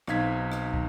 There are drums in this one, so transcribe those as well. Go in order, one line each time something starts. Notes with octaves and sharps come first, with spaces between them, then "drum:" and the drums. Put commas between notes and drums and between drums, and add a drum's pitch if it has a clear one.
B1 C4 D#4 F5 G#6 B6, drum: rim click
drum: rim click
drum: kick